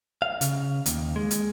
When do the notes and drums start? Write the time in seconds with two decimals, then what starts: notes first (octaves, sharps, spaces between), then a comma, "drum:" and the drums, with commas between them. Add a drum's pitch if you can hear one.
0.22 F5
0.41 C#3, drum: hi-hat
0.86 D#2, drum: hi-hat
1.16 G#3
1.31 drum: hi-hat